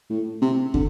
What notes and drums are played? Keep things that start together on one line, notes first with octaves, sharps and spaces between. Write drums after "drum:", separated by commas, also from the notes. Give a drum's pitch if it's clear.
A2
C3
D3, drum: kick